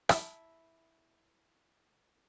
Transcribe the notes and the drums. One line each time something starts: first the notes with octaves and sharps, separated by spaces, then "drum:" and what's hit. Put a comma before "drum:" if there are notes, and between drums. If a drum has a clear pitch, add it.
E4 A5, drum: rim click